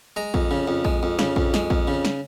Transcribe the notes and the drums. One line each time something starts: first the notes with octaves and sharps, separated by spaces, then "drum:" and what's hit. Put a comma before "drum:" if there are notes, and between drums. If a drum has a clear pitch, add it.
G#3 A#5
F2, drum: kick A#1
C#3
F2
G#3, drum: kick A#1
F2
C#3, drum: snare
F2, drum: kick A#1
G#3, drum: snare
F2, drum: kick A#1
C#3
drum: snare